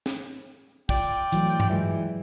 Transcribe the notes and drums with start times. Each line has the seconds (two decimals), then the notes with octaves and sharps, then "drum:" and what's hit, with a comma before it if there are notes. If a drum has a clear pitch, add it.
0.06 drum: snare
0.89 F4 D5 G5, drum: kick
1.32 E3 F#3 A3, drum: hi-hat
1.60 drum: tom G2
1.69 E3 F#3 G#3